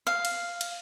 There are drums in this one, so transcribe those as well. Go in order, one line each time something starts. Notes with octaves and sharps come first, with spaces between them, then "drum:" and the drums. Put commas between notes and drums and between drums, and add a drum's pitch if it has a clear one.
F5
drum: cymbal
drum: cymbal